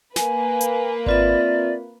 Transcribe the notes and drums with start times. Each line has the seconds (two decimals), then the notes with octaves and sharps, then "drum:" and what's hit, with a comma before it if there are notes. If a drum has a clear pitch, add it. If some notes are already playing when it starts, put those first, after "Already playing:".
0.16 A#3 B4 G#5, drum: snare
0.61 drum: hi-hat
1.06 C4 F4 D5 E5, drum: kick G#1